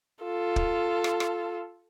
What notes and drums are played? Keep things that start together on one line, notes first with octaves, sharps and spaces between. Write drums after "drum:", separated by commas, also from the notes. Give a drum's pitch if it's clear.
F4 A4
drum: kick
drum: rim click
drum: rim click